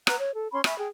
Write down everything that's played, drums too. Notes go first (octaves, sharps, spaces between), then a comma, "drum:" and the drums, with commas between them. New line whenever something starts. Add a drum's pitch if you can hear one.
B4 F#5 A#5 F#6, drum: rim click
C#5
A4
C#4 B5 C6
E5 G#5 B5 C#6, drum: rim click
G#4 G5